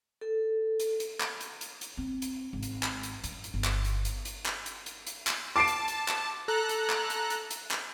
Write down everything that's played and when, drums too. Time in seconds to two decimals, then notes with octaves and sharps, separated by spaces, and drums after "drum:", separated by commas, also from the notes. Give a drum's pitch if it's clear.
0.21 A4
0.80 drum: hi-hat
1.00 drum: hi-hat
1.20 drum: clap
1.41 drum: hi-hat
1.61 drum: hi-hat
1.81 drum: hi-hat
1.97 C4
2.22 drum: hi-hat
2.53 G#1
2.63 drum: hi-hat
2.83 drum: clap
3.03 drum: hi-hat
3.24 F#2, drum: hi-hat
3.44 drum: hi-hat
3.54 G1
3.64 drum: clap
3.85 drum: hi-hat
4.05 drum: hi-hat
4.25 drum: hi-hat
4.46 drum: clap
4.66 drum: hi-hat
4.86 drum: hi-hat
5.07 drum: hi-hat
5.27 drum: clap
5.56 A5 D6 C7 D7
5.68 drum: hi-hat
5.88 drum: hi-hat
6.08 drum: clap
6.48 A4 A#5 F#6
6.69 drum: hi-hat
6.90 drum: clap
7.10 drum: hi-hat
7.30 drum: hi-hat
7.51 drum: hi-hat
7.71 drum: clap